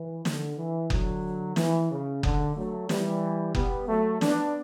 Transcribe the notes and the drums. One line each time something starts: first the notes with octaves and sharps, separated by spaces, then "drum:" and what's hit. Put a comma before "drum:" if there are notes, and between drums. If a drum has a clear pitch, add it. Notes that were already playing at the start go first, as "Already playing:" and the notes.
Already playing: E3
D3, drum: snare
E3
D3 F#3, drum: kick F#1
E3, drum: snare
C#3
D3, drum: kick F#1
F#3 A3
E3 G3, drum: snare
G3 B3, drum: kick F#1
F#3 A3
B3 D4, drum: snare